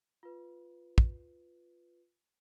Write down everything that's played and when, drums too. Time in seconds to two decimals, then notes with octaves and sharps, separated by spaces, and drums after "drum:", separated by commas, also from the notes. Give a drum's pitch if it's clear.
0.23 F4 B4
0.98 drum: kick